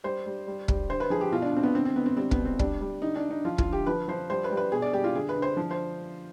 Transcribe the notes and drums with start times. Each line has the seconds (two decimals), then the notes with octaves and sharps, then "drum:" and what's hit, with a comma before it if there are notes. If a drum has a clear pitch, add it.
0.04 G3 C5
0.26 G3
0.47 G3
0.68 G3, drum: kick
0.89 D3 C5
1.00 B4
1.10 F3 G#4
1.21 G4
1.32 B2 F4
1.42 D4
1.53 B2 C4
1.63 B3
1.75 D3 C4
1.85 C4
1.96 D3 B3
2.06 C4
2.17 G3 C4
2.31 B3, drum: kick
2.38 B2
2.45 C4
2.59 G3 D4, drum: kick
2.81 G3
3.02 D3 D#4
3.16 D4
3.24 D3
3.31 D#4
3.45 F3 F4
3.58 F4, drum: kick
3.66 D3
3.72 G4
3.86 F3 B4
4.08 F3 C5
4.30 G3 C5
4.44 B4
4.51 G3
4.57 B4
4.72 B2 G#4
4.82 D5
4.93 G3 G4
5.04 F4
5.14 D3 G#4
5.29 B4
5.35 D3
5.42 C5
5.57 F3
5.71 C5